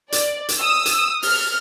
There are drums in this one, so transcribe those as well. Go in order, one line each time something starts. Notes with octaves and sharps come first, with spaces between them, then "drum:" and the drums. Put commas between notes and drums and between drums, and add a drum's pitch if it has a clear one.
D5, drum: hi-hat
drum: hi-hat
D#6 E6
drum: hi-hat
F6, drum: open hi-hat